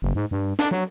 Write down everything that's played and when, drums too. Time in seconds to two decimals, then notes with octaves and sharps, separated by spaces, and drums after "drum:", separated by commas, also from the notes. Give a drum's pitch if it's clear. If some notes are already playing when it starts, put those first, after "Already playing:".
0.02 F#1
0.15 G#2
0.31 G2
0.59 D4, drum: snare
0.71 F#3